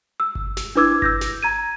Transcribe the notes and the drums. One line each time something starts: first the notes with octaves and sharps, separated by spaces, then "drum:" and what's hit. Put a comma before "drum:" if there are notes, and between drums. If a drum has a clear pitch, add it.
E6
drum: kick G1
drum: snare
D4 E4 B4 D6 E6 G#6
E6 G6 A#6, drum: kick G1
drum: snare
A#5 G#6 D#7